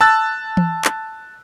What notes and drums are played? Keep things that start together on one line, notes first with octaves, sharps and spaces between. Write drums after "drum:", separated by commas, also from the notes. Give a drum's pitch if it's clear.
A5 E6 F#6 A6
drum: tom E3
drum: clap